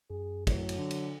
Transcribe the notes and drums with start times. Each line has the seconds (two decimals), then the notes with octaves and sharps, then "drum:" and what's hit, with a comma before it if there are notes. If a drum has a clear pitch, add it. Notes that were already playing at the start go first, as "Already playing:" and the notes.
0.10 F#2 G#4
0.47 A2 F#3, drum: kick, cymbal
0.69 drum: cymbal
0.78 D3
0.91 drum: cymbal